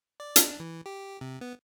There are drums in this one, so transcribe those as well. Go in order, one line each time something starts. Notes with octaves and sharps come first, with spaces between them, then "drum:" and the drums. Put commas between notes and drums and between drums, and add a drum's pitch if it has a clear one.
D5
D4, drum: hi-hat
E3
G4
C3
B3